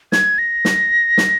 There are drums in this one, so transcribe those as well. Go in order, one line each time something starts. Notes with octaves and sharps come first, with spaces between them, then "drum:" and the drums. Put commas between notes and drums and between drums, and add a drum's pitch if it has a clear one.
G#6, drum: snare
A#6
drum: snare
drum: snare